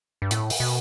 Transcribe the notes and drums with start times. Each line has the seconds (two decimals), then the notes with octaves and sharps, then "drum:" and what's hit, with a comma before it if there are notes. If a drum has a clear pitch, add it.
0.22 G2
0.31 A2, drum: hi-hat
0.50 drum: open hi-hat
0.60 B2